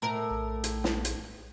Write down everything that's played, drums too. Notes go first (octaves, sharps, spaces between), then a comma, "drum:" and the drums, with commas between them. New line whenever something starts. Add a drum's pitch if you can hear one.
A2 A#4
A#1
drum: hi-hat
drum: snare
drum: hi-hat